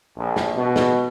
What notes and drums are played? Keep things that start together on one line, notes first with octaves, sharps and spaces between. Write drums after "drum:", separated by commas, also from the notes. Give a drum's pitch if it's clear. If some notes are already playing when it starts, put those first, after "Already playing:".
A#1
drum: snare
B2
drum: snare